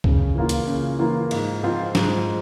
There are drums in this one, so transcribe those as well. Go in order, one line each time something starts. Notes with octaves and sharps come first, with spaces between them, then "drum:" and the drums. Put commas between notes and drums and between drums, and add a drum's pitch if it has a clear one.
C#3, drum: kick C2
E3 A#3 F4
drum: hi-hat
C#3
E3 A#3 F4
G#2, drum: cymbal
F3 C4 F4 C5
G#2, drum: snare